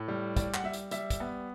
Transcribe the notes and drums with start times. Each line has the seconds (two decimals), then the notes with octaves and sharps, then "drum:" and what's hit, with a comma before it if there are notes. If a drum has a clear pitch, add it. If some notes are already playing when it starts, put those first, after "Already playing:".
Already playing: A2
0.08 G3
0.37 G3 D5, drum: kick, hi-hat
0.54 F#5, drum: clap
0.64 G3 E5
0.74 drum: hi-hat
0.91 G3 E5, drum: hi-hat
1.10 drum: kick, hi-hat
1.20 B3